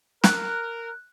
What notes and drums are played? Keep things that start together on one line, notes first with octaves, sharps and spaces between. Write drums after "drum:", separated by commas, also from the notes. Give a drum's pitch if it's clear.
A#4 F#6, drum: snare